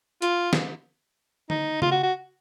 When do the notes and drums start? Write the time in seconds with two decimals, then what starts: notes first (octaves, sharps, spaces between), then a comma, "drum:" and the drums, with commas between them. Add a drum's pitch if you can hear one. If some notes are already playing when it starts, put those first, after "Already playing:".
0.22 F4, drum: hi-hat
0.53 drum: snare
1.50 D#4, drum: tom D3
1.82 F4, drum: tom C#3
1.91 F#4
2.03 F#4